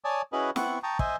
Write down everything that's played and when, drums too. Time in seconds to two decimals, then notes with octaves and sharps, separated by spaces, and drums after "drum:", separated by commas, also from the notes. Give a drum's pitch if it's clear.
0.04 C#5 D5 G#5 A5 D#6
0.33 C#4 E4 F#4 G#4 B4 D#5
0.56 B3 C4 E4 F#5 C#6, drum: snare
0.83 G5 A5 A#5 C#6 D#6
0.99 C5 D#5 E5 G#5, drum: kick